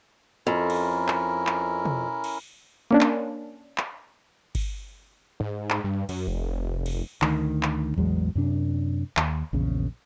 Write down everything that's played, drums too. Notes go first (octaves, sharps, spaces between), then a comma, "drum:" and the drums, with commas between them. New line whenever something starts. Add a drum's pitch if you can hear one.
F2 C#4 E4 A#4
drum: cymbal
drum: clap
drum: clap
drum: tom
drum: cymbal
A#3 C#4 D4
drum: clap
drum: clap
drum: kick G1, cymbal
G#2
drum: clap
G2
F#2, drum: cymbal
F1
drum: cymbal
D2 D#3, drum: clap
drum: clap
A1 E2 F#3 G#3
F#2 C3 D4
D#2, drum: clap
A#1 E2 C#3